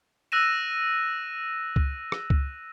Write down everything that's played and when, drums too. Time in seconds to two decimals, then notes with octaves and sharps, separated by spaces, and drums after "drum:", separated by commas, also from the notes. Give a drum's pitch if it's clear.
0.32 E6 F#6 A#6 D#7 E7
1.76 drum: kick C#2
2.12 drum: rim click
2.30 drum: kick C#2